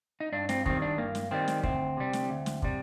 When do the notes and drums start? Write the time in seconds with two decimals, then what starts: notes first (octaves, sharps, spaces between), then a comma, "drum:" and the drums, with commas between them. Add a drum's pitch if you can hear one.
0.20 D#4
0.32 G2 D4
0.49 C4, drum: snare
0.66 D#3 G3 C4, drum: kick
0.82 D4
0.98 G2 A#3
1.15 drum: snare
1.31 D#3 G3 C4
1.48 drum: snare
1.63 D2 C4, drum: kick
1.97 C3 G3
2.13 drum: snare
2.30 D2
2.46 drum: snare
2.62 C3 G3, drum: kick